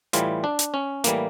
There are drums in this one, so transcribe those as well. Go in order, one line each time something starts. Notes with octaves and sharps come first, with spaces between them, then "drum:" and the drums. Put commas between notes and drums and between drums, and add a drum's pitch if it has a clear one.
A2 E3 G3 F4, drum: hi-hat
D4
drum: hi-hat
C#4
A2 E3 G3 A#3, drum: hi-hat